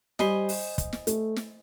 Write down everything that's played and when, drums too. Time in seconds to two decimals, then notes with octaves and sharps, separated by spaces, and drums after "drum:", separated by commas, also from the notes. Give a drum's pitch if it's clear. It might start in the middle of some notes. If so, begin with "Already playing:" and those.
0.19 G3 C5 D#5 G#5 B5, drum: snare
0.49 drum: open hi-hat
0.78 drum: kick, hi-hat
0.93 drum: snare
1.07 A3, drum: hi-hat
1.36 drum: snare